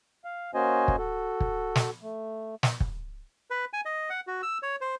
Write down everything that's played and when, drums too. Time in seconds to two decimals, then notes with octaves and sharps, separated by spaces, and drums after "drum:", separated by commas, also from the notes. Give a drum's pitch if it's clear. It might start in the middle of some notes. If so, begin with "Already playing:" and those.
0.24 F5
0.54 A#3 C#4 F#4 C5 D#5 G#5
0.88 drum: kick
0.98 F#4 A4
1.41 drum: kick
1.75 drum: snare
2.02 A3
2.63 drum: snare
2.80 drum: kick
3.50 B4
3.73 G#5
3.85 D#5
4.10 F#5
4.27 F#4
4.43 E6
4.63 C#5
4.81 C5